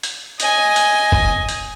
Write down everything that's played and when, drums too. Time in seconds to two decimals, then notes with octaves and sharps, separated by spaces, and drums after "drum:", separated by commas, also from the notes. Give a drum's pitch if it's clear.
0.03 drum: hi-hat
0.40 D#5 G#5, drum: hi-hat
0.76 drum: hi-hat
1.12 drum: kick
1.49 drum: hi-hat